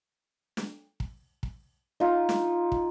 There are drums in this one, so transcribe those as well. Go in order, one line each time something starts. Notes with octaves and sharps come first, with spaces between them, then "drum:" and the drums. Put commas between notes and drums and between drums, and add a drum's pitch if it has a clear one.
drum: snare
drum: kick
drum: kick
D#4 F4
drum: snare
drum: kick